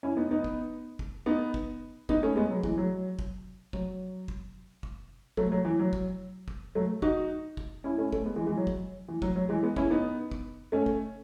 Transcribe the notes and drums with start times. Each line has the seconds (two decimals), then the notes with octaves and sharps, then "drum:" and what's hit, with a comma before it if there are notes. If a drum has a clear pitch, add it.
0.03 C#4 E4
0.17 B3 D#4
0.31 B3 D#4
0.44 drum: kick
0.99 drum: kick
1.26 B3 D#4
1.54 drum: kick
2.09 B3 D#4, drum: kick
2.23 A3 C#4
2.36 G#3 B3
2.50 F#3
2.63 E3 G#3, drum: kick
2.78 F#3
3.19 drum: kick
3.73 F#3, drum: kick
4.28 drum: kick
4.83 drum: kick
5.37 F#3 A3, drum: kick
5.52 F#3
5.65 E3
5.79 F#3
5.93 drum: kick
6.48 drum: kick
6.75 F#3 A3
7.02 D#4 F#4, drum: kick
7.57 drum: kick
7.84 C#4 E4
7.98 A3 C#4
8.12 A3 C#4, drum: kick
8.25 G#3 B3
8.36 E3 G#3
8.46 E3 G#3
8.57 F#3
8.67 drum: kick
9.09 E3
9.22 F#3, drum: kick
9.36 F#3
9.49 E3 G#3
9.63 G#3 B3
9.76 C#4 E4, drum: kick
9.90 B3 D#4
10.31 drum: kick
10.72 A3 C#4
10.86 drum: kick